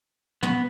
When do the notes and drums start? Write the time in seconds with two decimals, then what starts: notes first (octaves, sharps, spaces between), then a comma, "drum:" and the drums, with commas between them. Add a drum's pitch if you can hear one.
0.43 B3, drum: tom